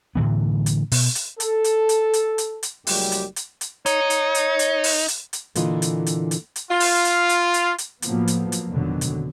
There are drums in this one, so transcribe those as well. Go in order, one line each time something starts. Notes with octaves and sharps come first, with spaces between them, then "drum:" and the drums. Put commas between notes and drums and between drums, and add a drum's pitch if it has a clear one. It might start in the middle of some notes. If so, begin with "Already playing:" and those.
A2 D3 E3 B3
drum: hi-hat
B2, drum: open hi-hat
drum: hi-hat
A4, drum: hi-hat
drum: hi-hat
drum: hi-hat
drum: hi-hat
drum: hi-hat
drum: hi-hat
F#1 F#2 G3 G#3 G4, drum: open hi-hat
drum: hi-hat
drum: hi-hat
drum: hi-hat
D#4 C#5, drum: hi-hat
drum: hi-hat
drum: hi-hat
drum: hi-hat
drum: open hi-hat
drum: hi-hat
drum: hi-hat
A#2 D3 E3 F4 D#5, drum: hi-hat
drum: hi-hat
drum: hi-hat
drum: hi-hat
drum: hi-hat
F4
drum: open hi-hat
drum: hi-hat
drum: hi-hat
drum: hi-hat
drum: hi-hat
A2 F3 F#3 A#3 B3, drum: hi-hat
drum: hi-hat
drum: hi-hat
F1 B2 D3 D#3 F#3
drum: hi-hat